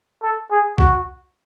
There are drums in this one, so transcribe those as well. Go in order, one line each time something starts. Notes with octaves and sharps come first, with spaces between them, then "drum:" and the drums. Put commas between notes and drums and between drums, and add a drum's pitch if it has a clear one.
A4
G#4
F#4, drum: kick